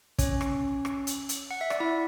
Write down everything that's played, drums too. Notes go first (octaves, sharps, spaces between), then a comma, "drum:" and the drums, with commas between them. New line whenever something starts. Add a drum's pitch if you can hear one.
C#4 C#5, drum: kick, hi-hat
drum: rim click
drum: rim click
drum: hi-hat
drum: hi-hat
F#5
E5
D5, drum: rim click
E4 E5